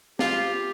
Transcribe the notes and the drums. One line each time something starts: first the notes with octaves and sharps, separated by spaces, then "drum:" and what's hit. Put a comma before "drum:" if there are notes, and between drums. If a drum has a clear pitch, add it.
F4 G4, drum: snare